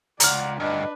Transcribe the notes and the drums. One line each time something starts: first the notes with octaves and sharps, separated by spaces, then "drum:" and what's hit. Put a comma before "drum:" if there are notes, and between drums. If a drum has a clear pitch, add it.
C#2 D5 F#5 A#5 F6, drum: hi-hat
D2 G2 D4 B4 D#5